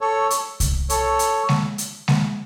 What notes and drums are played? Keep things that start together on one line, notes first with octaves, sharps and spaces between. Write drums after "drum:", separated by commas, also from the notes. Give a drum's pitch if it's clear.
A4 C#5
drum: hi-hat
drum: kick C2, hi-hat
A4 C#5, drum: hi-hat
drum: hi-hat
drum: snare G#3
drum: hi-hat
drum: snare G#3